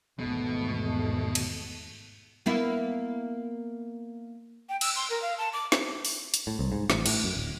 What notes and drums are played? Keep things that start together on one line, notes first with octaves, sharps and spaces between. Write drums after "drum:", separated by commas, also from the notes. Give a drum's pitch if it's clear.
G#1 E2 B2 A3
drum: cymbal
A#3 B3 E4
G5
E6, drum: cymbal
C6
A#4
F5
A5
D6
drum: snare
drum: open hi-hat
drum: hi-hat
A2
C2
G#2
A1, drum: snare
A2, drum: cymbal
F#2
D1